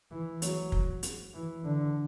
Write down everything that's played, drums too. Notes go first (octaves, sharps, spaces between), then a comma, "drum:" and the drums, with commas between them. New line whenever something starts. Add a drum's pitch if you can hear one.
E3
F#3, drum: hi-hat
drum: kick
drum: hi-hat
E3
D3